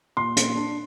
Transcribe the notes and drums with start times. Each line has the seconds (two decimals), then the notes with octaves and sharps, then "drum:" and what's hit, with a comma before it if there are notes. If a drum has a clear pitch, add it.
0.17 A#2 C6
0.37 A#2, drum: hi-hat
0.56 D4